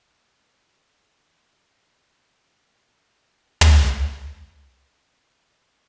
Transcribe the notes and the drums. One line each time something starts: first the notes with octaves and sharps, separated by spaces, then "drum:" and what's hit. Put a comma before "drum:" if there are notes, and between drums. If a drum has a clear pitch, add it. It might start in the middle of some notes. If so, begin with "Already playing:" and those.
Already playing: G#5
G#5
F5
G5
G#5
G5
G#5
A#5
G#5
G5
G5
G#5
G#5
G5
G#5
drum: tom
D#5
G#5
G#5
G5
A#4
C5
C5
C#5
D#5
G5
F5